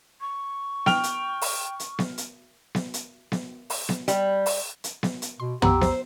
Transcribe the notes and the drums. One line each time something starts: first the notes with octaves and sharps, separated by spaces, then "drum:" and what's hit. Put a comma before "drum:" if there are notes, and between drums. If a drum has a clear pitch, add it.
C#6
G5 F6 F7, drum: snare B3
drum: hi-hat
drum: open hi-hat
drum: hi-hat
drum: snare B3
drum: hi-hat
drum: snare B3
drum: hi-hat
drum: snare B3
drum: open hi-hat
drum: snare B3
G3, drum: hi-hat
drum: open hi-hat
drum: hi-hat
drum: snare B3
drum: hi-hat
B2 C6
B3 G4 F#5 A#5 C6 E6, drum: tom
C5, drum: snare B3